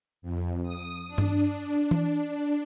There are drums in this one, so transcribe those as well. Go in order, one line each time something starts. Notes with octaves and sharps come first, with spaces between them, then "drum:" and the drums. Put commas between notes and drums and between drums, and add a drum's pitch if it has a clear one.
F2
D#6
D4
drum: tom G2
drum: tom E3